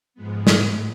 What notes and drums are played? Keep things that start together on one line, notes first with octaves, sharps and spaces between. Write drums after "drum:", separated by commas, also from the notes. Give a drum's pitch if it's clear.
G#2 F3 G#3 B3
drum: snare
A2